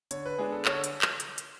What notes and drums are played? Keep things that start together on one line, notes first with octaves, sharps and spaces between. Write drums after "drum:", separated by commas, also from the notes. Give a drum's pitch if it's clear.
D3 C#5, drum: hi-hat
B4
G#3 B3 D4 G#4
A4
D3 C#5, drum: clap
drum: hi-hat
drum: clap
drum: hi-hat
drum: hi-hat